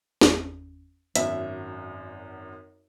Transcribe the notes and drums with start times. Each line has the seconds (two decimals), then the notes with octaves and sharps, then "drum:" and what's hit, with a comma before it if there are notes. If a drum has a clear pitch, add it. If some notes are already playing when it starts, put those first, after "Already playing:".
0.21 G1 E2 C#4, drum: snare
1.16 G#1 F#2 B3 E5, drum: hi-hat